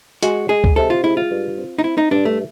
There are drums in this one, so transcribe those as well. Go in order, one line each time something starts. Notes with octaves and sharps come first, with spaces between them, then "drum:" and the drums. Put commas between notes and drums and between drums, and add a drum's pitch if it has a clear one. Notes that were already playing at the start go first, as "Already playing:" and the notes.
G#3 F#4, drum: hi-hat
G#3 G#4
drum: kick
C3 A4
F4
G#3 E4
F4
G2
C4
D#4
C4 E4
D#4
G2 D4
A3